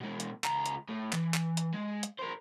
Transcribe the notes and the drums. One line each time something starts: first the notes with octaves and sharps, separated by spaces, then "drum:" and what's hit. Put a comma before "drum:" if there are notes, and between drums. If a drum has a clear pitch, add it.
B2 G#3
drum: hi-hat
C#2 A#5, drum: clap
drum: hi-hat
A2
E3, drum: clap
drum: clap
drum: hi-hat
G#3
drum: hi-hat
A#4 C5